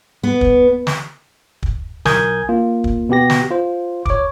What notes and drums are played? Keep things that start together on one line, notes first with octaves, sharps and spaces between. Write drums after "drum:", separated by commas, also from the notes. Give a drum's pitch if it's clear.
B3
drum: kick
drum: snare
drum: kick
B1 A#4 G#5 D#6 G6 G#6, drum: snare
A#3 F4
drum: kick
B2 B3 G4 A#6
drum: snare
F4 C5
C#5 D6, drum: kick